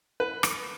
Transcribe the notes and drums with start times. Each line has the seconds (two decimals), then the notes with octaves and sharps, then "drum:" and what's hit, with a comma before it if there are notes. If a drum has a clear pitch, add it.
0.20 B4
0.43 drum: rim click